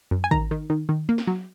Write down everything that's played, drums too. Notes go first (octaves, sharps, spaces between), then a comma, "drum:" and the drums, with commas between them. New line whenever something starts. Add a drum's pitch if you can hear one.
F#2
G#5
D#3 A#5, drum: kick
D#3
D#3
D#3
A#3
drum: snare
F#3